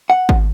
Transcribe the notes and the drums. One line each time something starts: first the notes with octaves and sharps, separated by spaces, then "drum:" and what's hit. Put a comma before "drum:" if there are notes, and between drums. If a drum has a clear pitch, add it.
F#5
drum: kick G#1